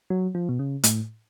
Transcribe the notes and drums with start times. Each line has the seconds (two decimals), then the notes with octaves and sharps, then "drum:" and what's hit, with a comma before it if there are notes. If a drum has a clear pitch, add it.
0.10 F#3
0.35 F3
0.49 B2
0.59 C#3
0.84 A2, drum: hi-hat